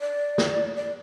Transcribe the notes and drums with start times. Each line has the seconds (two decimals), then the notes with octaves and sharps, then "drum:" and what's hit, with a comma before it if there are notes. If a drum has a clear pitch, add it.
0.01 D5
0.38 drum: snare
0.76 D5